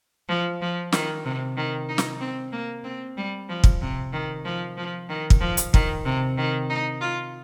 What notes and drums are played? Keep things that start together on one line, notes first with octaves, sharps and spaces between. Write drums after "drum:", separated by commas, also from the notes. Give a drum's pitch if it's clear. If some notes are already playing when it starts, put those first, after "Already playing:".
F3
F3
D#3, drum: snare
C3
D#3
D#4
drum: snare
C4
A#3
C4
G3
F3
drum: kick
C3
D#3
F3
F3
D#3
drum: kick
F3
drum: hi-hat
D#3, drum: kick
C3
D#3
D#4
F4